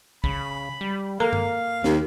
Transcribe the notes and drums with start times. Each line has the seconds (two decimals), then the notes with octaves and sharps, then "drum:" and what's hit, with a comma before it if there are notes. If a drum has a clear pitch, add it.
0.24 C#3 B5, drum: kick
0.81 G3
1.20 A#3 A4 A#4 F5 A#5
1.33 drum: tom G2
1.84 D#2, drum: snare